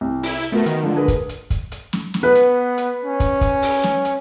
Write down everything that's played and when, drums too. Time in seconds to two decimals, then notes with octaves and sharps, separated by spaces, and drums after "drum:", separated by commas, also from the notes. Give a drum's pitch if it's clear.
0.01 C2
0.23 E4, drum: open hi-hat
0.52 A3 B3 F#4 A#4
0.66 D#3, drum: hi-hat
0.83 D3 F3 G#3
0.96 G#4 A#4 B4
1.08 drum: kick, hi-hat
1.29 drum: hi-hat
1.50 drum: kick, hi-hat
1.72 drum: hi-hat
1.93 drum: snare
2.14 drum: snare
2.23 B3 B4
2.35 drum: hi-hat
2.78 drum: hi-hat
3.05 C#4
3.20 drum: kick, hi-hat
3.41 drum: kick, hi-hat
3.62 drum: open hi-hat
3.84 drum: snare
4.05 drum: hi-hat